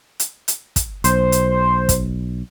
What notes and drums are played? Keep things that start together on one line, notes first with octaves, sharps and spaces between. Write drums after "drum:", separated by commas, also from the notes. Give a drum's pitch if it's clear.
drum: hi-hat
drum: hi-hat
drum: kick, hi-hat
B1 C5, drum: hi-hat
drum: hi-hat
drum: kick, hi-hat